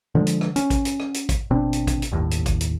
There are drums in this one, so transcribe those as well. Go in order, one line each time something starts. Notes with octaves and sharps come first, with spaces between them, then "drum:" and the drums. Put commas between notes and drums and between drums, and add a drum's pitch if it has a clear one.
D3 F3 G#3
drum: hi-hat
drum: rim click
C#4, drum: hi-hat
drum: kick, hi-hat
drum: hi-hat
drum: rim click
drum: hi-hat
drum: kick, hi-hat
G#1 B2 C4 D4
drum: hi-hat
drum: kick, hi-hat
drum: hi-hat
G1 D#2 A2
drum: hi-hat
drum: kick, hi-hat
drum: hi-hat